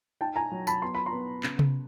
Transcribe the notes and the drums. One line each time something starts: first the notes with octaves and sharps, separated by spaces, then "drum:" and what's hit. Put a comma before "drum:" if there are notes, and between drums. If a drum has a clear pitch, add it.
D#4 G5 A5
G#5 A#5
F#3
A5 B5, drum: tambourine
B3 C6
B5
A#5 C6
B3
C#3, drum: clap
drum: tom C3